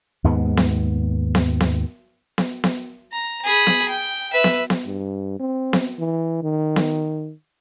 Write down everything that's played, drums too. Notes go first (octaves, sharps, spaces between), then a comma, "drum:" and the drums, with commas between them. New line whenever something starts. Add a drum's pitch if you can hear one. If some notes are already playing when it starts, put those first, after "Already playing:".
D#2 G#2 G#3 B3
drum: snare B3
drum: snare B3
drum: snare B3
drum: snare B3
drum: snare B3
A#5
G#4 B5
drum: snare B3
G5
B4 E5
drum: snare B3
drum: snare B3
G2
C4
drum: snare B3
E3
D#3
drum: snare B3